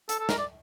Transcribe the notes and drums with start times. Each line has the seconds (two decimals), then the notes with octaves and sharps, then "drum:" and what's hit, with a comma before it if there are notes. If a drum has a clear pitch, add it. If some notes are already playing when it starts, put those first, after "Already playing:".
0.09 A4, drum: hi-hat
0.19 A4
0.29 A#4, drum: snare
0.38 D5